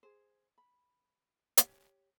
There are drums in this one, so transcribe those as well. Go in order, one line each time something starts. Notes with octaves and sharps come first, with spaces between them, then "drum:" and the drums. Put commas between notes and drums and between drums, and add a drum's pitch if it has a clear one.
G#4 C5
B5
G4 C#5, drum: hi-hat